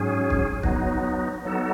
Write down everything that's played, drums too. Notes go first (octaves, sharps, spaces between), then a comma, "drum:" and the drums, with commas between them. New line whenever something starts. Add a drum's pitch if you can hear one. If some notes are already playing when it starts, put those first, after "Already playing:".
Already playing: G#2 F#3 C#4 G#4
drum: kick
F#3 B3 D#4, drum: kick
F#3 B3 D#4 A4